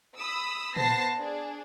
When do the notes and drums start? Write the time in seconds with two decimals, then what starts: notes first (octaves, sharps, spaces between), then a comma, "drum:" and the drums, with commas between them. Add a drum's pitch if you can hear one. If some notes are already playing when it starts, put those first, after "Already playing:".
0.18 B5 D#6 E6
0.76 B3 C5 A5 A#6 C7, drum: tom
1.17 D4 G#4